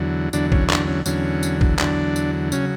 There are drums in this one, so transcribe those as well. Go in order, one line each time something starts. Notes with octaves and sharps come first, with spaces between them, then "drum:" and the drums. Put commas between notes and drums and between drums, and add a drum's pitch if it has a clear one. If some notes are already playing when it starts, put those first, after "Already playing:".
Already playing: E2 D3 F#3
E2 D3 F#3 D4, drum: tambourine
C#4, drum: kick
D4, drum: clap
C#4
E2 D3 F#3 C#4, drum: tambourine
drum: tambourine
drum: kick
E2 D3 F#3 D4, drum: clap
drum: tambourine
C#3 F#3 C#4, drum: tambourine